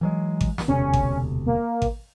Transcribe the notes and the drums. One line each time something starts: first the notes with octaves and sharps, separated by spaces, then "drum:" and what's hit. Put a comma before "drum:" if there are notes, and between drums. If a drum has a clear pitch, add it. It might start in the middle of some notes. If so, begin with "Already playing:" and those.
E3 F#3 G#3
drum: kick G#1
drum: snare
E1 D2 C3 C#4
drum: kick G#1
A#3
drum: kick G#1